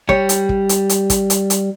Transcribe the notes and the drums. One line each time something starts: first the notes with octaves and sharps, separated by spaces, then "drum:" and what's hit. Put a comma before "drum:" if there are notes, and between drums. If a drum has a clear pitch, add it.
G3 C#5, drum: kick
drum: hi-hat
drum: kick
drum: hi-hat
drum: hi-hat
drum: kick, hi-hat
drum: hi-hat
drum: hi-hat